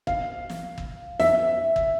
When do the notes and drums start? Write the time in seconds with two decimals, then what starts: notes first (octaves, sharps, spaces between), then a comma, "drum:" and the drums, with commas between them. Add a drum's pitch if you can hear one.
0.07 F5, drum: kick G1
0.50 drum: snare
0.78 drum: kick G1
1.20 E5, drum: snare
1.76 drum: kick G1